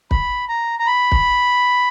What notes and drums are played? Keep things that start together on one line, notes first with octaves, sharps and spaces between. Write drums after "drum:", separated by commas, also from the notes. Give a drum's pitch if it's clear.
B5, drum: kick
A#5
A#5
B5
drum: kick